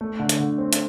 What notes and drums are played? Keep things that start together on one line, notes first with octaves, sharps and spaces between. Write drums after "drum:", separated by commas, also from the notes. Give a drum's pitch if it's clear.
A3
D3
drum: hi-hat
D3
C4
drum: hi-hat